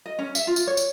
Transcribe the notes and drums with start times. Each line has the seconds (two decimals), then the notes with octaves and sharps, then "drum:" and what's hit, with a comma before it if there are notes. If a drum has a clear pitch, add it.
0.06 D#5
0.19 C#4
0.35 E5, drum: tambourine
0.47 F4
0.56 drum: tambourine
0.67 C#5
0.77 drum: tambourine